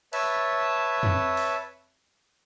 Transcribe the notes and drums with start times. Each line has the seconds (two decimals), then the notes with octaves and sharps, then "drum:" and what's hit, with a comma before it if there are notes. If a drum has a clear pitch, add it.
0.13 B4 C#5 E5 A5, drum: cymbal
1.03 drum: tom F2
1.37 drum: open hi-hat